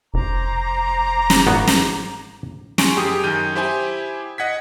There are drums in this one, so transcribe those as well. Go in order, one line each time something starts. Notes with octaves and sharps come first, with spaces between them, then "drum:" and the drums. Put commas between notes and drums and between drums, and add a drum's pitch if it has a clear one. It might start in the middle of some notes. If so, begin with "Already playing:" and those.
F1 C5 A#5 D6
drum: snare
G#1 B3 F#4
drum: snare
G#5 C6 C#6 D7, drum: snare
F#2 G4 G#4 D#6
F#2 D#3 G6 D#7
E4 G4 C5 G5 G#5
D#5 F#5 G#6 B6